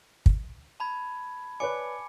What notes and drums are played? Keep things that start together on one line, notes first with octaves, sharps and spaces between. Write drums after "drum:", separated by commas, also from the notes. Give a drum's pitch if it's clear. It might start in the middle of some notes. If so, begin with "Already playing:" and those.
drum: kick
A5 B5 G#6
B4 C#5 D5 G#5 D6 C#7